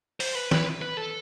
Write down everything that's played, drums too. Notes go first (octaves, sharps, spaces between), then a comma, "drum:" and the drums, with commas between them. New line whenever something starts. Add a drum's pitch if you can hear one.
C5, drum: open hi-hat
B4
B4, drum: snare
B4
A4